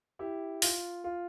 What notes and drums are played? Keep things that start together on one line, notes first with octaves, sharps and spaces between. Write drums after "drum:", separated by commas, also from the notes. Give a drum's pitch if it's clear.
E4 G4
F4, drum: open hi-hat
F4